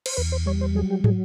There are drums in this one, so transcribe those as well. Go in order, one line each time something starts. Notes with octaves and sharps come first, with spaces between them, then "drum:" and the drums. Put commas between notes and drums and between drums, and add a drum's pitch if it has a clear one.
C5, drum: cymbal
E2 B4
C5
G3 C#5
C5
F#3 G#4
G4
F#3 G#4, drum: tom